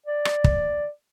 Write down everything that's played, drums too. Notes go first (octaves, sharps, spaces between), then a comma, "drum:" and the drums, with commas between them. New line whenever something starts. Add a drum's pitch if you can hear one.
D5
drum: rim click
drum: kick